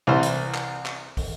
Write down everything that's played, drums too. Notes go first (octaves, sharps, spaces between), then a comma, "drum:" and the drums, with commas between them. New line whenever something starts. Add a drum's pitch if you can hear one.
C2 E3 C5 F6
drum: hi-hat
drum: clap
drum: clap
drum: kick, open hi-hat